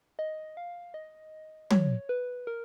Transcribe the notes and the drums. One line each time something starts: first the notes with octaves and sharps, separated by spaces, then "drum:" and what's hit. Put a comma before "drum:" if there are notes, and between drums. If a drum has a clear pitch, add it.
D#5
F5
D#5
C#5, drum: tom
B4
A#4